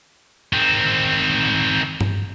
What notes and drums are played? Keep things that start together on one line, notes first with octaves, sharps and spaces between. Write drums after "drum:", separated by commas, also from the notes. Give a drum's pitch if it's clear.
D#3 C4
drum: tom G2